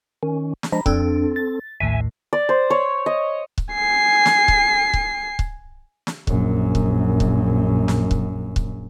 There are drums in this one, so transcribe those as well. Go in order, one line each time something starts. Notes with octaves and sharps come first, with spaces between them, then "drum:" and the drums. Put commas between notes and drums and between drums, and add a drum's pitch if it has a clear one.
D#3 C#4
drum: snare
F3 G#3 D4 A#5 B5
F2 C4 D4 A4, drum: kick C#1
A6
A#1 D#2 A2 E5 G#5
D5
C5
C#5
D#5
drum: kick C#1
G#5 C7
drum: snare
drum: kick C#1
drum: kick C#1
drum: kick C#1
drum: snare
A#1 F#2, drum: kick C#1
drum: kick C#1
drum: kick C#1
drum: snare
drum: kick C#1
drum: kick C#1